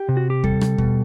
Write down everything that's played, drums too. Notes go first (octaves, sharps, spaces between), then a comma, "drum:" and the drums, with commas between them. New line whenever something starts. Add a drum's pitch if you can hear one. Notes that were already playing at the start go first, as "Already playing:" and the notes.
Already playing: G4
C3
F#4
G4
G3 A4, drum: kick D#2
drum: rim click
B2, drum: kick D#2